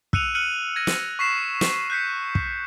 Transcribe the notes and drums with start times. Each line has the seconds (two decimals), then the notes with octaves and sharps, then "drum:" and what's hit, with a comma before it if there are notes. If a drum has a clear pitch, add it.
0.13 E6 F#6 C#7 D#7 F7, drum: kick
0.35 F6 F#6 C#7 D#7 F#7
0.76 G#6 A#6 D#7
0.87 drum: snare
1.19 C#6 B6 C7 E7
1.61 drum: snare
1.90 F#6 G6 B6 C#7
2.35 drum: kick